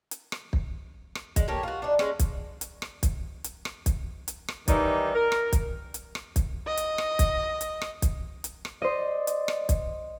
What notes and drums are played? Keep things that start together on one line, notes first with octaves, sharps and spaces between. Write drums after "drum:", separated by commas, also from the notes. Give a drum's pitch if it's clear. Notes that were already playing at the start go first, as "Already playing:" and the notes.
drum: hi-hat
drum: rim click
drum: kick
drum: rim click
G#3, drum: kick, hi-hat
A#3 G4 A4 C#5
F4 F#4
D4 D#4
G#3 C#4, drum: rim click
drum: kick, hi-hat
drum: hi-hat
drum: rim click
drum: kick, hi-hat
drum: hi-hat
drum: rim click
drum: kick, hi-hat
drum: hi-hat
drum: rim click
D#3 E3 G3 D#4 D5, drum: kick, hi-hat
A#4
drum: rim click
drum: kick, hi-hat
drum: hi-hat
drum: rim click
drum: kick, hi-hat
D#5
drum: hi-hat
drum: rim click
drum: kick, hi-hat
drum: hi-hat
drum: rim click
drum: kick, hi-hat
drum: hi-hat
drum: rim click
C5 D5 D#5
drum: hi-hat
drum: rim click
drum: kick, hi-hat